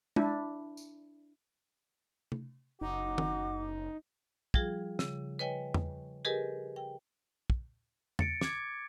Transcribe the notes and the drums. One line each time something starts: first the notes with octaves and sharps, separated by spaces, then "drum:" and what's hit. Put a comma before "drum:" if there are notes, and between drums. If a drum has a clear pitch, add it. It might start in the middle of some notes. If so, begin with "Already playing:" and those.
D4 E4, drum: tom G#3
drum: tambourine
drum: tom C3
F#1 D#4 F#4 D6
drum: tom
F3 G3 F4 G#4, drum: kick
C#3, drum: snare
B4 C#5 D#5 G5 G#5
drum: tom E2
G4 G#4 A#4 B4 D#5 G#5
G5
drum: kick
A6 C#7 D7, drum: tom E2
D6 G#6, drum: snare